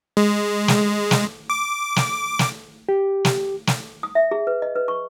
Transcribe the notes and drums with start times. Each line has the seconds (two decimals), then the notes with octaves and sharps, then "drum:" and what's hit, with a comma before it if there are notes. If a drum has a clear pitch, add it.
0.17 G#3
0.68 drum: snare
1.11 drum: snare
1.50 D6
1.96 drum: snare
2.39 drum: snare
2.89 G4
3.25 drum: snare
3.67 drum: snare
4.03 D#6
4.15 E5
4.31 G#4
4.47 B4
4.62 D#5
4.76 B4
4.88 C#6